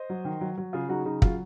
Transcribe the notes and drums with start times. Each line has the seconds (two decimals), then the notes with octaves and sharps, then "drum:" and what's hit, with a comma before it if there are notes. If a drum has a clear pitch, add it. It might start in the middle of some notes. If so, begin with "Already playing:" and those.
Already playing: C5 D#5
0.10 F#3
0.25 D#3
0.41 F#3
0.58 F#3
0.73 C#3 F4 G#4
0.89 F#3 D#4 F#4
1.05 C#3 D#4
1.22 F#3 F4, drum: kick